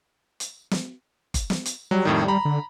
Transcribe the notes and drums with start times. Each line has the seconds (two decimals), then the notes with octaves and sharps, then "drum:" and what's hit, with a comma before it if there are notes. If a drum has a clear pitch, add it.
0.40 drum: hi-hat
0.71 drum: snare
1.34 drum: kick G1, hi-hat
1.50 drum: snare
1.66 drum: hi-hat
1.91 F#3 G3
2.05 F2 A2 D#3
2.28 A#5 B5
2.45 D3